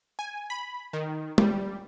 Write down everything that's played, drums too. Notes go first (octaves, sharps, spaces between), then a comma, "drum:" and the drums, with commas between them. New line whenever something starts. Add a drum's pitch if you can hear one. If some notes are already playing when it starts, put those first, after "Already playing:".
G#5
B5
D#3
G3, drum: tom